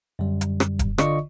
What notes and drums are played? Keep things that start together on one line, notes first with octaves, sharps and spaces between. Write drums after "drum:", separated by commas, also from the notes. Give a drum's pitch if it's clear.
F#2 D3 G3
drum: hi-hat
drum: rim click
drum: kick E1, hi-hat
D3 F4 D5 D#5 C#6, drum: rim click